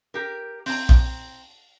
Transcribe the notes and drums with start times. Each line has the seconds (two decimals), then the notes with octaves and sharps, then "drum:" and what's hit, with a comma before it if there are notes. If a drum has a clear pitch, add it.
0.14 G4 A#4
0.66 C4 A#5, drum: open hi-hat
0.89 drum: kick